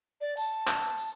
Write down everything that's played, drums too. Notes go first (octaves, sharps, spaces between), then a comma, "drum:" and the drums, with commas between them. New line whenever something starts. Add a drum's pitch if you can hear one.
D5
A5, drum: open hi-hat
drum: clap
drum: open hi-hat
drum: open hi-hat